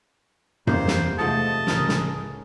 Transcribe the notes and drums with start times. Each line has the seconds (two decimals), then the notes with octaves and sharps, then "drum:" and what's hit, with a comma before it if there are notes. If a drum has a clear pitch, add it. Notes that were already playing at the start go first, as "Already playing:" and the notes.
0.67 E2 C3 A#3 D#4 C5, drum: tom F#2
0.87 drum: snare
1.19 G#2 C3 F3 A3 A4 D#5 A5
1.67 C#2 A2 C#4 D#4 A#4, drum: snare
1.89 drum: snare